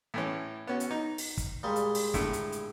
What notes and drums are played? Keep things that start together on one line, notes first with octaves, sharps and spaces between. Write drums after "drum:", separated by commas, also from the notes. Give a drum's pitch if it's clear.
A2 E3 C#4
B3 C#4 F#4
drum: hi-hat
D#4
drum: open hi-hat
drum: kick, hi-hat
A#2 G3 G#3
drum: hi-hat
drum: open hi-hat
A2 D3, drum: kick, hi-hat
drum: hi-hat
drum: hi-hat